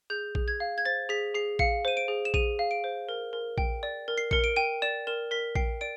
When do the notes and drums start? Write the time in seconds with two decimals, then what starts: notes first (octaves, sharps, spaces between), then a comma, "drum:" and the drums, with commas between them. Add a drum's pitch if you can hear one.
0.10 G#4 G6
0.35 G#4, drum: kick A#1
0.48 G#6
0.60 F5
0.78 G#6
0.85 C5 A6
1.09 G#4 B6
1.35 G#4 C7
1.59 F5 C#7, drum: kick A#1
1.85 C5 D#7
1.97 D7
2.08 G#4
2.25 E7
2.34 G#4 D#7, drum: kick A#1
2.59 F5
2.71 D7
2.84 C5
3.09 A#4
3.33 A#4
3.58 G5, drum: kick A#1
3.83 D5
4.08 A#4
4.18 C7
4.31 A#4 C#7, drum: kick A#1
4.44 D7
4.56 G5 D#7
4.82 D5 E7
5.07 A#4 E7
5.31 A#4 B6
5.55 G5 C7, drum: kick A#1
5.81 D5 D7